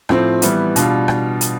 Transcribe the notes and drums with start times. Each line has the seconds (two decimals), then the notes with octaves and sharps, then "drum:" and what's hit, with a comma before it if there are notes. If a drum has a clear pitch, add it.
0.09 A2 F3 C4, drum: rim click
0.42 E3 G3 B3, drum: hi-hat
0.76 B2 G3 D4 F4, drum: hi-hat
1.08 drum: rim click
1.41 drum: hi-hat